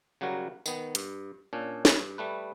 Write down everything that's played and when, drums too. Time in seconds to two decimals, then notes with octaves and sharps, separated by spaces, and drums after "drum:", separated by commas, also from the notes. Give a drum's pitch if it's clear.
0.21 C#3 F#3 G3 F#4 A#4
0.66 D#3 B3, drum: tambourine
0.95 G2, drum: hi-hat
1.53 A#2 C#4 D4
1.85 drum: snare
1.94 G2
2.18 G3 A3 B4